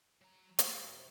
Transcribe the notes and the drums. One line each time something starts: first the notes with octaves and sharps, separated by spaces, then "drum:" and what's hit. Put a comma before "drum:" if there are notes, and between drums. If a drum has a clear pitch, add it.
F#3 A#5
A3 C#4 E4 G#4, drum: hi-hat
F#2 C3 F#3 A#3
C3